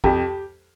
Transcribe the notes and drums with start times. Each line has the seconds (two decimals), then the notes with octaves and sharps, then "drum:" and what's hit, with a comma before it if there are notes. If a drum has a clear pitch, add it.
0.04 F2 G4, drum: kick